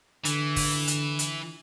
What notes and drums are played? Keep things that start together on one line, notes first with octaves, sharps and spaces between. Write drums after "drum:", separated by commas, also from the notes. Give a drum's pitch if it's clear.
D3 E3, drum: hi-hat
drum: kick, open hi-hat
drum: hi-hat
drum: hi-hat